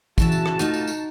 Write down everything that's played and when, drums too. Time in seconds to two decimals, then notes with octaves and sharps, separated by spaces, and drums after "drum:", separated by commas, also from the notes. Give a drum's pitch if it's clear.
0.18 C#3 E3 F#4 E5 A5, drum: kick, tambourine
0.32 drum: tambourine
0.46 drum: rim click
0.59 A3 D#4 F4 F5, drum: tambourine
0.74 drum: tambourine
0.87 drum: tambourine